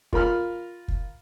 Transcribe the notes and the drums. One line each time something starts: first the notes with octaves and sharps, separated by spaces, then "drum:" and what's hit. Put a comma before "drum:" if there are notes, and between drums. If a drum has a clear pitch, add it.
F4 A#4 B5 F6, drum: kick
drum: kick